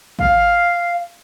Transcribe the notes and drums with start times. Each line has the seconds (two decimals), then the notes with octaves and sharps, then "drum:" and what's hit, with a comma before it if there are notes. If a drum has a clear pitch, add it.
0.19 F5, drum: kick